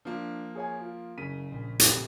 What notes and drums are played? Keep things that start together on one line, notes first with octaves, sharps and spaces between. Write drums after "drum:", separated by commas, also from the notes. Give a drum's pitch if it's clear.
F3 A#3 D4
G#4 C#5 G#5
F4
F#1 C#3 B6 D#7
A#1
D2 C3, drum: hi-hat